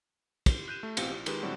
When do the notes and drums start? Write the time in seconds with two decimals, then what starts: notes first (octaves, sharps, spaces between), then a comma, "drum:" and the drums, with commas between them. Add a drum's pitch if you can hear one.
0.46 drum: kick, cymbal
0.68 F#6 G6 D#7 E7
0.83 A3
0.97 A1 B2 C4 F5 C#7, drum: cymbal
1.10 A#1
1.26 D#3 G#3 G4 B4, drum: cymbal
1.42 A2 D3 F#3 G3 C4 F#4